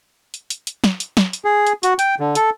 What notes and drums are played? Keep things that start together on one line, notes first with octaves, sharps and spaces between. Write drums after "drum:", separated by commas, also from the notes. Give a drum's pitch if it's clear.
drum: hi-hat
drum: hi-hat
drum: hi-hat
drum: snare
drum: hi-hat
drum: snare
drum: hi-hat
G#4
drum: hi-hat
F#4, drum: hi-hat
G5, drum: hi-hat
D3
A4, drum: hi-hat